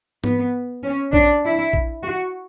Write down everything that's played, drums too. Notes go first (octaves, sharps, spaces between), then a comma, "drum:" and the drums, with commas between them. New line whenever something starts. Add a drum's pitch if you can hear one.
B3, drum: tom G#2
C#4
D4, drum: kick A#1
E4
drum: kick A#1
F#4